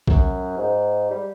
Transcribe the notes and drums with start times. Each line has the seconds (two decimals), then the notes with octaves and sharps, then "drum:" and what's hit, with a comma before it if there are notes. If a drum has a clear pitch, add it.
0.08 F#2, drum: kick A#1
0.57 G#2
1.11 G3